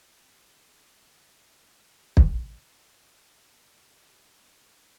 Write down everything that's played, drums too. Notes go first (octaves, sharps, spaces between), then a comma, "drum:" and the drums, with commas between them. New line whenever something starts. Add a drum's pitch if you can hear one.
G#2 C4 G4
F4 G#4
C#3 F3 G5
A3
G#3 A3 C#4 D#4
G4 B4
drum: kick
G3 B3 A#4 F#5
C#3 F4
A3 D4 D#4
D4